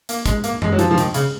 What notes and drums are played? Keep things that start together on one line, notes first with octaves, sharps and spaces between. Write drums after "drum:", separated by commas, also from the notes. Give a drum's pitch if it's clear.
A#3, drum: hi-hat
G#3, drum: kick, hi-hat
A#3, drum: hi-hat
G#3, drum: tom F#2
F#3
F3, drum: hi-hat
F3
D#3, drum: hi-hat
C#3, drum: hi-hat